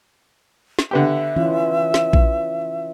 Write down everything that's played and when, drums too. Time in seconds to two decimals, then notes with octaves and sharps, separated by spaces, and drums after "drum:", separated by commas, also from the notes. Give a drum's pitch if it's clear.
0.79 drum: snare
0.91 D3 B3 G4 E5
1.36 E3 C#4 F4
1.94 drum: snare
2.13 drum: kick A#1